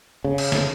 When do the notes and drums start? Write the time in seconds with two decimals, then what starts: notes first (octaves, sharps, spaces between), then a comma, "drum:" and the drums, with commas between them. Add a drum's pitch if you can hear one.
0.24 C#3
0.38 drum: cymbal
0.52 drum: snare